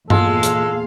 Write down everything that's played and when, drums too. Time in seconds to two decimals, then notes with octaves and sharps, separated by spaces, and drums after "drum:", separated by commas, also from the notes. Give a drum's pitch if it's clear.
0.10 E2 A#2 G#3 F4 A4 F5, drum: tom G2
0.43 drum: hi-hat